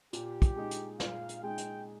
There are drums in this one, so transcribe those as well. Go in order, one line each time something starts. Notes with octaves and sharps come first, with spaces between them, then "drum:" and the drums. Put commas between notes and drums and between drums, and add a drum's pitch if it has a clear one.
A#2 G4, drum: hi-hat
drum: kick, hi-hat
G#3 D#4
drum: hi-hat
A#2 F5, drum: snare
drum: hi-hat
G#3 D#4 G5
drum: hi-hat